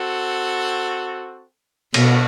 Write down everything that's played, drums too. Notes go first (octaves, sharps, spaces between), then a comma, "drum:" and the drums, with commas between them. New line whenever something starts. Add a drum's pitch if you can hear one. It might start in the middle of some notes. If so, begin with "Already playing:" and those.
Already playing: C4 F#4 A4
B2 G3 D4 F#4, drum: cymbal